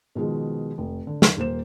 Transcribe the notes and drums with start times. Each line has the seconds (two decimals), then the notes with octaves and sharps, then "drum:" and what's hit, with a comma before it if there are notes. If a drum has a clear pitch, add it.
0.15 B2 D#3 F3 G#3
0.78 F1
1.07 D3
1.22 drum: snare
1.37 D#1 A#3 C5 E7